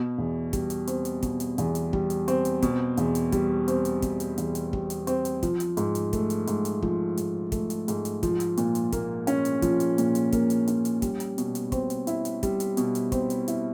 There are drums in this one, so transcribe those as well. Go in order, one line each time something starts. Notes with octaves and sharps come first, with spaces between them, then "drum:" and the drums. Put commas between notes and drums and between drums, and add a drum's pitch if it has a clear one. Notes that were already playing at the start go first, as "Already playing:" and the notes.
Already playing: B2
E2
G3, drum: kick, hi-hat
drum: hi-hat
C4, drum: hi-hat
drum: hi-hat
B2, drum: kick, hi-hat
drum: hi-hat
E2, drum: hi-hat
drum: hi-hat
G3, drum: kick
drum: hi-hat
C4, drum: hi-hat
drum: hi-hat
B2, drum: kick, hi-hat
E2, drum: hi-hat
drum: hi-hat
G3, drum: kick, hi-hat
C4, drum: hi-hat
drum: hi-hat
B2, drum: kick, hi-hat
drum: hi-hat
E2, drum: hi-hat
drum: hi-hat
G3, drum: kick
drum: hi-hat
C4, drum: hi-hat
drum: hi-hat
F3, drum: kick, hi-hat
drum: hi-hat
G#2, drum: hi-hat
drum: hi-hat
A3, drum: kick, hi-hat
drum: hi-hat
G#2, drum: hi-hat
drum: hi-hat
F3, drum: kick
G#2, drum: hi-hat
A3, drum: kick, hi-hat
drum: hi-hat
G#2, drum: hi-hat
drum: hi-hat
F3, drum: kick, hi-hat
drum: hi-hat
A#2, drum: hi-hat
drum: hi-hat
A#3, drum: kick, hi-hat
C#4, drum: hi-hat
drum: hi-hat
F3, drum: kick, hi-hat
drum: hi-hat
A#2, drum: hi-hat
drum: hi-hat
A#3, drum: kick, hi-hat
drum: hi-hat
C#4, drum: hi-hat
drum: hi-hat
G3, drum: kick, hi-hat
drum: hi-hat
B2, drum: hi-hat
drum: hi-hat
C4, drum: kick, hi-hat
drum: hi-hat
E4, drum: hi-hat
drum: hi-hat
G3, drum: kick, hi-hat
drum: hi-hat
B2, drum: hi-hat
drum: hi-hat
C4, drum: kick, hi-hat
drum: hi-hat
E4, drum: hi-hat